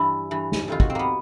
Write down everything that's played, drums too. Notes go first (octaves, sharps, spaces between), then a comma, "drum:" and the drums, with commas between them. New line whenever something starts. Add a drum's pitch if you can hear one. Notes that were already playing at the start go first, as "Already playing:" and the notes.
Already playing: G2 E3 E4
G2 E3
drum: snare
F2 C3 D#3 F4
F#4, drum: kick
C4
A#3 B3